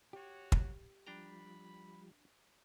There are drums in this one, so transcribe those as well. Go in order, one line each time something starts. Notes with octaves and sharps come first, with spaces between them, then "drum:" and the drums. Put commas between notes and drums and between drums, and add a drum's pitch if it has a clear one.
F#4 G4 C#5
drum: kick
F3 G3 D4 G5 A#5 B5